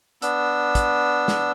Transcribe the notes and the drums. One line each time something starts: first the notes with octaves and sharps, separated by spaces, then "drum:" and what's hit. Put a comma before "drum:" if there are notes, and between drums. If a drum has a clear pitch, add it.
B3 D4 E6, drum: hi-hat
drum: kick, hi-hat
drum: snare